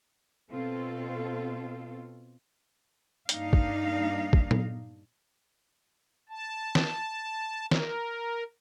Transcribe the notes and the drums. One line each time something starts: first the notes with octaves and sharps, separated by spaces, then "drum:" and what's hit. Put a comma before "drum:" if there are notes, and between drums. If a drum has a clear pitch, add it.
B2 C4 F4 A4
G2 A#3 D4 D#4 F5, drum: hi-hat
drum: kick
drum: kick
drum: tom
A5
drum: snare
A#4, drum: snare